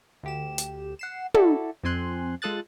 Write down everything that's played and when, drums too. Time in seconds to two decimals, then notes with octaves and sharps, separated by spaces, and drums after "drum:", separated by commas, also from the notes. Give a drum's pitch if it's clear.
0.23 D2 G4 E7
0.58 drum: hi-hat
0.99 F#5 C7 E7
1.34 E4 F#4 A4 D5, drum: tom
1.83 F2 F3 C4 G#5 C6 F#6
2.42 G#3 F4 A4 D#6 F#6 A6